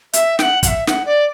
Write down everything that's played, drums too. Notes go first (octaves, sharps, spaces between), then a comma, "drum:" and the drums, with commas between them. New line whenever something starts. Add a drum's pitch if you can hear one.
E5, drum: hi-hat
G5, drum: snare
F#5
F#5, drum: kick, hi-hat
E5
F#5, drum: snare
D5